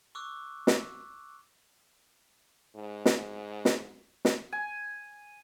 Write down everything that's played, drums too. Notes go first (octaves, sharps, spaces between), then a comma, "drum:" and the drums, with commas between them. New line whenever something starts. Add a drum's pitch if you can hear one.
C#6 D6 E6 F#6
drum: snare
G#2
drum: snare
drum: snare
drum: snare
G#5